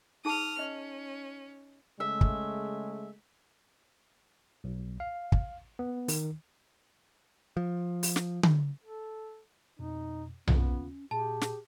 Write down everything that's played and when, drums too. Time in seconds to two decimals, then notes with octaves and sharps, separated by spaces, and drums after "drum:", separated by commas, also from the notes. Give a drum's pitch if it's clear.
0.25 D#4 G#4 A5 D#6 F6
0.59 C#4 D#5
2.00 C#3 G#3 A3 E5
2.21 drum: kick
4.64 B1
5.00 F5
5.32 drum: kick
5.79 B3
6.08 D#3, drum: open hi-hat
7.57 F3
8.03 drum: open hi-hat
8.16 drum: snare
8.43 drum: tom D3
8.82 A4
9.79 F2 B2 D#4
10.48 D#2 C#3 B3 C#4 F4, drum: tom B1
11.11 A#2 G4 G#4 A5
11.41 drum: snare